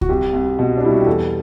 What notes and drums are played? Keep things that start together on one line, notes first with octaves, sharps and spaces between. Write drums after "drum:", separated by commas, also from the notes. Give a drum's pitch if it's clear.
F#4, drum: kick C#2
C2 G4
C2
B2
D4
G3 E4
F#4
G4
E2 A4